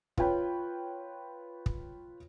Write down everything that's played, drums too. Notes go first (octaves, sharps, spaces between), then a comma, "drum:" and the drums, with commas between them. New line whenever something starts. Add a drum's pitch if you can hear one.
F4 B4 C#5 G5 B5, drum: kick
drum: kick